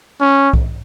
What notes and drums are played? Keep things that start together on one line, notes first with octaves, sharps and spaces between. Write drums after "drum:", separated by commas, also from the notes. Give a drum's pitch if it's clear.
C#4
drum: kick B1